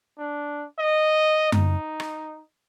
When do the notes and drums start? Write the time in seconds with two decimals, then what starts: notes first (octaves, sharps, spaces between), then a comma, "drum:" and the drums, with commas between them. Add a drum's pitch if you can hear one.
0.18 D4
0.79 D#5
1.52 D#4, drum: tom F#2
2.00 drum: rim click